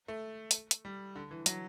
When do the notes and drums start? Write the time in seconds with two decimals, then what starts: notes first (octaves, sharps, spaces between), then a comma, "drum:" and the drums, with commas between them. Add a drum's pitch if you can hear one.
0.08 A3
0.51 drum: hi-hat
0.71 drum: hi-hat
0.85 G3
1.16 D3
1.31 E3
1.46 F#3, drum: hi-hat